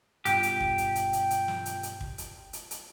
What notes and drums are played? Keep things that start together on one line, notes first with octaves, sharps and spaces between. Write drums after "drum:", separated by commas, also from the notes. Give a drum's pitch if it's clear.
G2 B2 F4 G4 G5, drum: hi-hat
drum: hi-hat
drum: kick
drum: hi-hat
drum: hi-hat
drum: hi-hat
drum: hi-hat
drum: snare
drum: hi-hat
drum: hi-hat
drum: kick
drum: hi-hat
drum: hi-hat
drum: hi-hat